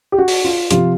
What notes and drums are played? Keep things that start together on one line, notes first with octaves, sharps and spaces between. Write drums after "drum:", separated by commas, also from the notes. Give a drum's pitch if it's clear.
G4
F#4
drum: open hi-hat
F4
C3 F3 F4 G4, drum: hi-hat